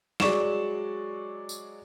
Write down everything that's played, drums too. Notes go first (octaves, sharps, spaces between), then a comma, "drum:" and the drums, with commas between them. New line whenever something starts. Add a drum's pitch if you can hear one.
F#3 G#3 D5 C#6 E7, drum: snare
drum: tambourine